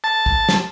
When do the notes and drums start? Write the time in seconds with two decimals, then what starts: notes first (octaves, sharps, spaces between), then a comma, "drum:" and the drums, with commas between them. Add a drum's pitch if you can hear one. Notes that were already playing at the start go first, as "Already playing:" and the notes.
0.04 A5
0.26 drum: kick
0.49 drum: snare